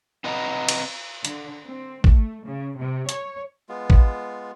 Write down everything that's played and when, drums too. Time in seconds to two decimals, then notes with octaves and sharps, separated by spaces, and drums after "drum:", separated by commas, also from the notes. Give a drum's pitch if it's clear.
0.24 C4 B4 D#5 F#5 A5 A#5
0.69 drum: cymbal
1.25 D3, drum: hi-hat
1.65 C4
2.04 A3, drum: kick
2.46 C#3
2.77 C3
3.09 C#5, drum: hi-hat
3.69 G#3 B3 F4
3.90 drum: kick